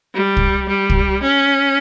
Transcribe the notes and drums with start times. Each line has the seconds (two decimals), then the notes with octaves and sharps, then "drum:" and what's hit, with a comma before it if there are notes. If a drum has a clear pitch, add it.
0.15 G3
0.37 drum: kick
0.68 G3
0.90 drum: kick
1.22 C#4